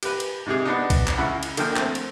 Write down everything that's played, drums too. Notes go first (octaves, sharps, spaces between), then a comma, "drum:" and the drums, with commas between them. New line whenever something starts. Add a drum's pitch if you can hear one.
G4 B4, drum: cymbal
drum: cymbal
G#2 C3 G4 G#4
B3 D4 D#4
drum: kick C2, cymbal
drum: clap
C#2 C#3 E4 F#5 B5
drum: cymbal
D3 D#3 F3 A#3 G5, drum: cymbal
A3 C4, drum: clap
drum: cymbal